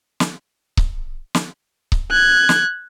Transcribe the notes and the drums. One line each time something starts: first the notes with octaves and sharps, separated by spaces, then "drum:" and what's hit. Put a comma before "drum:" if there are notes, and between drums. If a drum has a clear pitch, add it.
drum: snare
drum: kick C#1
drum: snare
drum: kick C#1
F#6 G#6
drum: snare